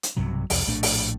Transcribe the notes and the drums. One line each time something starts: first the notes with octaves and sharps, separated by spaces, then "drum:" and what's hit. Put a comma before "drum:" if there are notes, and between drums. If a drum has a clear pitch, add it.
drum: hi-hat
B1 G2 C3 F#3
E1 C2 F2, drum: open hi-hat
A#1 A2 A3 D4
drum: open hi-hat